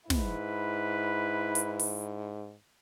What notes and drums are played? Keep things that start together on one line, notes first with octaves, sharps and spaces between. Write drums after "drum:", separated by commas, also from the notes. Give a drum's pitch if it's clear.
G#2 E4 B4, drum: snare
drum: hi-hat
drum: open hi-hat